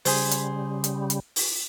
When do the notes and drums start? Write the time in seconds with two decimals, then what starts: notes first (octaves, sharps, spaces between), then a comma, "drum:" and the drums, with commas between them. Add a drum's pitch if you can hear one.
0.05 C#3 G3 G#4 C5, drum: open hi-hat
0.31 drum: hi-hat
0.84 drum: hi-hat
1.10 drum: hi-hat
1.36 drum: open hi-hat